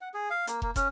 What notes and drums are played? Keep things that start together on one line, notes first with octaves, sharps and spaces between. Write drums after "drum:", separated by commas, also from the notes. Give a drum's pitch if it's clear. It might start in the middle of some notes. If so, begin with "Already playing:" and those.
F#5
G#4
F5
A#3, drum: hi-hat
A#3, drum: kick
C#4, drum: kick, hi-hat